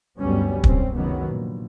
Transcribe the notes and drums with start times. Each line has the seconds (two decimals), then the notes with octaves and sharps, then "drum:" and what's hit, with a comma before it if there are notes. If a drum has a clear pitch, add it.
0.20 G1 D2 F#3 G3 B3 C#4
0.64 C2 F#2 C3 C4 C#4, drum: kick
0.94 C#2 F#2 C3 D#3 F#3 B3
1.29 A#1